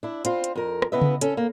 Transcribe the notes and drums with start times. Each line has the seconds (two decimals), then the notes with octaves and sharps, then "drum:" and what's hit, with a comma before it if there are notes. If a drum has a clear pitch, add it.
0.03 D4 E4
0.25 C4 F4 C5, drum: hi-hat
0.44 drum: hi-hat
0.55 F2 A#4
0.82 drum: rim click
0.92 C#3 B3 E4 B4 D#5 E5
1.01 drum: tom C#3
1.21 C#4 A4, drum: hi-hat
1.37 A#3